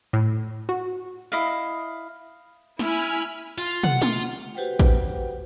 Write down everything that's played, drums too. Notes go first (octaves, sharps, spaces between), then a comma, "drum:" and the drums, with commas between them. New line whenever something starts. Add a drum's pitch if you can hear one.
A2
F#4
E4 D#5 F5
E4 G#5 B5 F6, drum: snare
F4, drum: hi-hat
F#5, drum: tom
F4, drum: tom
F#4 G4 B4 C5 F#5 G5
drum: kick